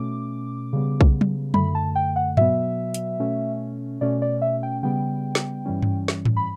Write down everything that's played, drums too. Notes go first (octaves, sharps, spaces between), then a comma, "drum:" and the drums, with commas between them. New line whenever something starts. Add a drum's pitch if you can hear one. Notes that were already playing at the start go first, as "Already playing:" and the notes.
Already playing: B2 A3 C#4 D6
C#3 G3 B3
drum: kick B1
drum: tom F#3
F#2 D3 A3 B5, drum: tom F#3
A5
G5
F#5
B2 F#3 B3 E5, drum: tom G2
drum: hi-hat
B2 A3 C#4
B2 A3 C#4 D5
D5
E5
G5
C#3 G3 B3 G5
drum: snare
G2 E3 G3 C#4
drum: tom G2
drum: snare
drum: tom G#2
B5